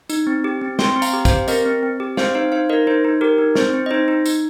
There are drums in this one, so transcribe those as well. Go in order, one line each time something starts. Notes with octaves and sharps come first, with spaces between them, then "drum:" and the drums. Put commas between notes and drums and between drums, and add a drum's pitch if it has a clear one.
D#4, drum: tambourine
C4
G4
C4
C4 G5 C6, drum: snare
C4
F5 A#5, drum: tambourine
G4
C5 F5, drum: kick, tambourine
G4
C4 A#4 D#5, drum: tambourine
C4
C4
G4
C4 C5 F5, drum: snare
D#4 C5 F5
D#4 C5 F5
D#4 A#4 D#5
D#4 C5
D#4
G4 A#4
D#4
C4 C5, drum: snare
C4
D#5
D#4 C5
D#4
D#4, drum: tambourine